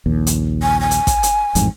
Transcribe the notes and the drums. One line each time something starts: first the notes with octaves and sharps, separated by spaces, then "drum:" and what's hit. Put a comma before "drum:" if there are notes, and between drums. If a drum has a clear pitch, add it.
A#1 D#2
drum: hi-hat
G#5
G#5
drum: hi-hat
drum: kick, hi-hat
drum: hi-hat
A1 F2 G#2, drum: hi-hat